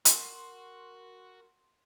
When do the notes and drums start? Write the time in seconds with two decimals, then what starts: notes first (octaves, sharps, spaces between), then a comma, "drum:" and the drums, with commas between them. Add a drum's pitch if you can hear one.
0.05 F#4 A#4 C6, drum: hi-hat